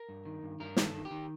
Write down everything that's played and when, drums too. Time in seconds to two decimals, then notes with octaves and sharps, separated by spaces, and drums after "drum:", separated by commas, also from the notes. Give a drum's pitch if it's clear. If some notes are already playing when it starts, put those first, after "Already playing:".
Already playing: A#4
0.09 G2
0.25 D#3
0.43 G2
0.60 G2 A#4
0.77 D#3, drum: snare
0.82 A4
0.94 D#3
1.05 G4
1.11 D#3